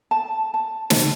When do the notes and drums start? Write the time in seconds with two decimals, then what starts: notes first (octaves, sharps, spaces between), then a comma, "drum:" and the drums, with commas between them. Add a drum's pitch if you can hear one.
0.11 A5
0.54 A5
0.90 drum: snare